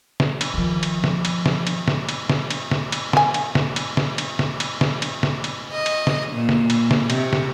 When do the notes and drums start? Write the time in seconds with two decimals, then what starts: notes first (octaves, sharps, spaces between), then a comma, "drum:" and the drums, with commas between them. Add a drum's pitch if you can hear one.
0.20 drum: snare
0.41 drum: cymbal
0.54 D#3 F3
0.83 drum: cymbal
1.04 drum: snare
1.25 drum: cymbal
1.46 drum: snare
1.67 drum: cymbal
1.88 drum: snare
2.09 drum: cymbal
2.30 drum: snare
2.50 drum: cymbal
2.71 drum: snare
2.92 drum: cymbal
3.13 B3 G#5, drum: snare
3.34 drum: cymbal
3.55 drum: snare
3.76 drum: cymbal
3.97 drum: snare
4.18 drum: cymbal
4.39 drum: snare
4.60 drum: cymbal
4.81 drum: snare
5.02 drum: cymbal
5.23 drum: snare
5.44 drum: cymbal
5.72 D#5
5.86 drum: cymbal
6.07 drum: snare
6.33 A#2
6.49 drum: snare
6.70 drum: cymbal
6.91 drum: snare
7.10 C3, drum: cymbal
7.33 drum: snare